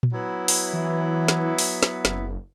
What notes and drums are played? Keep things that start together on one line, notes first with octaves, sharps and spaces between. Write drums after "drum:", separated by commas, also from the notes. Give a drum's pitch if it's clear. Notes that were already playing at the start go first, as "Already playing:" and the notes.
drum: tom A#2
F#3 B3 E4
drum: open hi-hat
E3
drum: snare
drum: open hi-hat
drum: snare
F#1, drum: snare